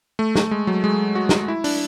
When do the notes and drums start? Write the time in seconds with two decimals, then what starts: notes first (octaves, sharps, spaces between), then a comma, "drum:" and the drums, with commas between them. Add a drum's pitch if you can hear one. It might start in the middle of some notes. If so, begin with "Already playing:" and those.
0.19 A3
0.35 A3, drum: snare
0.51 G#3
0.67 F#3
0.84 G#3
1.15 F#4
1.29 drum: snare
1.48 E4
1.64 D4, drum: open hi-hat